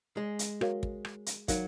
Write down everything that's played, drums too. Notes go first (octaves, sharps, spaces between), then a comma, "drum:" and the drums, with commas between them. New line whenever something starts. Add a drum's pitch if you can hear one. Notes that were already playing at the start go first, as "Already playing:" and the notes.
G#3
drum: hi-hat
F#4 A#4 C#5 F5, drum: rim click
drum: kick
drum: rim click
drum: hi-hat
F#3 D#4 A#4 F5, drum: kick, hi-hat